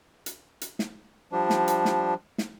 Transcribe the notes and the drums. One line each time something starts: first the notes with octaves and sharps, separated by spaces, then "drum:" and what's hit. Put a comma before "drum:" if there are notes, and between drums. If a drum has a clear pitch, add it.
drum: hi-hat
drum: hi-hat
drum: snare
F3 G3 D4
drum: snare
drum: hi-hat
drum: snare
drum: snare